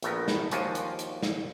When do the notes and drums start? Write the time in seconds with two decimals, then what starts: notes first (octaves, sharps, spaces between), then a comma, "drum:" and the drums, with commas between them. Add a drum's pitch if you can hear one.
0.02 A#1 A3 B3 A#4, drum: hi-hat
0.28 drum: snare
0.51 D#2 F3 F#4 C5 D5 G#5, drum: hi-hat
0.75 drum: hi-hat
0.99 drum: hi-hat
1.23 drum: snare